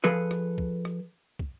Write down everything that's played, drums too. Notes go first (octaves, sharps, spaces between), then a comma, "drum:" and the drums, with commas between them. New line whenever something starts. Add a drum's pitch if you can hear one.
F3 G#4 A4 B4
drum: rim click
drum: kick
drum: rim click
drum: kick